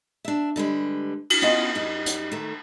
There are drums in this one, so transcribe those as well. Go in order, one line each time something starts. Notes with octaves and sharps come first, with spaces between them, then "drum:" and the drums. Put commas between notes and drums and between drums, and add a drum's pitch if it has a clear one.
D4 E5
D3 G3 G#3 B4
drum: cymbal
B3 C#4 E4 F4 D#5 F5
F#2 G3 D#4
drum: hi-hat
D#3 A3